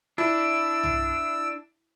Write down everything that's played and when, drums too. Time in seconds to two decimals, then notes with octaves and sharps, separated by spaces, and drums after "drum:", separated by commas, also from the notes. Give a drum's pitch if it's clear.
0.18 D4 E4 E6
0.83 drum: tom B1